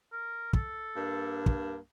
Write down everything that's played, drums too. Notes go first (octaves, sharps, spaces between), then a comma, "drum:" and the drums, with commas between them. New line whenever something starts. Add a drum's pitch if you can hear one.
A#4
A4, drum: kick
G2 A#3 D4
drum: kick